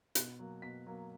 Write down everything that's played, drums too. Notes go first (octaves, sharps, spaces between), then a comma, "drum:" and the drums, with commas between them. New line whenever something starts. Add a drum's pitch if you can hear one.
B2 F#6, drum: hi-hat
F#3 A#3
B2 B6
F#3 A#3